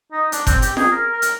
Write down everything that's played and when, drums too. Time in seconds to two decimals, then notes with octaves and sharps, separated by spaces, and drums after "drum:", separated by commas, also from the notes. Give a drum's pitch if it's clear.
0.12 D#4
0.32 D4, drum: hi-hat
0.47 C4, drum: kick F#1, hi-hat
0.62 G4, drum: hi-hat
0.77 G#4, drum: snare F4
0.92 A#4
1.12 A#4
1.22 drum: hi-hat